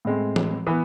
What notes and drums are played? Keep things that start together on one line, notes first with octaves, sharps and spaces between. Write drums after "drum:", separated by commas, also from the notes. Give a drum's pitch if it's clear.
A2 G#3 C4
drum: tom E3
E3 B3